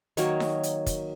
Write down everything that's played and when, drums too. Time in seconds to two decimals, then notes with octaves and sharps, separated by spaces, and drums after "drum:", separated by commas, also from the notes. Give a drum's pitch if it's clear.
0.17 D#3 F#3 A#3 C#5, drum: hi-hat
0.40 drum: snare D#4
0.63 drum: hi-hat
0.86 drum: kick, hi-hat